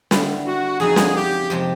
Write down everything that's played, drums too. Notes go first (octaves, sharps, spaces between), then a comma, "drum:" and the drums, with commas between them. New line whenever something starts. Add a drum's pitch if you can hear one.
D3 G3 B3 E4, drum: snare
F#4
F2 C#3 F#3 B3 D#4 G#4
drum: snare
G4
F2 C3 F3 G#3 C4